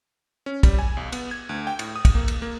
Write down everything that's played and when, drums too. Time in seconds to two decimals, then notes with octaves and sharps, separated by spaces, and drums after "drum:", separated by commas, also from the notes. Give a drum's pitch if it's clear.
0.46 C#4
0.63 G3, drum: kick, cymbal
0.79 G#5
0.97 B1
1.12 B3, drum: cymbal
1.31 G#6
1.49 D2
1.67 G5
1.79 A2, drum: cymbal
1.96 D#6
2.05 drum: kick, cymbal
2.15 A#3
2.28 drum: cymbal
2.42 A#3